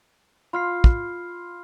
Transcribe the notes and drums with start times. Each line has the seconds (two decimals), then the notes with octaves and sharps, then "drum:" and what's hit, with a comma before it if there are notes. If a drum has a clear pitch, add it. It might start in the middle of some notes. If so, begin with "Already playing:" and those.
0.53 F4 B5 F6 C7
0.84 drum: kick